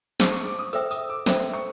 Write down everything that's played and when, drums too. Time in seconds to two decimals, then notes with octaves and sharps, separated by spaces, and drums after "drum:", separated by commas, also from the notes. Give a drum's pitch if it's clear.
0.20 G#4 C5 F5 A5, drum: snare
0.32 C#6
0.46 D6
0.59 D#6
0.73 A4 C5 E5 G5 E6, drum: tambourine
0.91 D#6, drum: tambourine
1.10 D6
1.26 A4 C5 E5 G5 B5, drum: snare
1.54 C#6